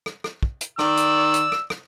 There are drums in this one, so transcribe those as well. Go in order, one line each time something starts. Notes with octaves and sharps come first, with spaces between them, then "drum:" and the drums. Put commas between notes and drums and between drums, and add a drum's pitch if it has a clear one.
drum: rim click
drum: rim click
drum: kick
drum: hi-hat
D#3 D5 E6, drum: rim click
drum: hi-hat
drum: hi-hat
drum: rim click
drum: rim click